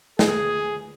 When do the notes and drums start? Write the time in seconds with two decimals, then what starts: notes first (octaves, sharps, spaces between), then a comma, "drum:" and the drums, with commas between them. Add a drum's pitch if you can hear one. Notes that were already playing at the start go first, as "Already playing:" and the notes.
0.19 G#4, drum: snare